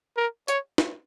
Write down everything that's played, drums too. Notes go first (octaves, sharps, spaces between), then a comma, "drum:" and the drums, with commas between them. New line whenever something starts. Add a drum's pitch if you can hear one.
A#4
C#5, drum: hi-hat
drum: snare